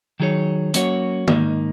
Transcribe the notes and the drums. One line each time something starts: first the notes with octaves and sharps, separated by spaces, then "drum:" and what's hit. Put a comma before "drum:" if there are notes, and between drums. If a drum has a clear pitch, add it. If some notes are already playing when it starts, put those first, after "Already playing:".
D#3 F#3 D#4 G#4 C#5
F#3 A#3 C#4 F#4 C#5, drum: hi-hat
G#2 D#3 A#3 D#4, drum: tom D#3